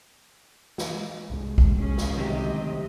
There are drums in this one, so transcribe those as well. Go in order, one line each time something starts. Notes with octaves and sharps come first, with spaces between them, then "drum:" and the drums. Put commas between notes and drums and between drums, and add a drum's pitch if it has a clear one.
drum: snare
C2 G#2 G#3
drum: kick
C#4 G#4
drum: snare
D2 C3 D#3 F#3 G4 D#5